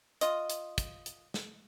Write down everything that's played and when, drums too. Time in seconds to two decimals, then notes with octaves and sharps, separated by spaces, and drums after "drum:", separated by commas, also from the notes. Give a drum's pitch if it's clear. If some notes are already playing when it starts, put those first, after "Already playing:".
0.21 F4 D#5, drum: hi-hat
0.50 drum: hi-hat
0.78 drum: kick, hi-hat
1.06 drum: hi-hat
1.34 drum: snare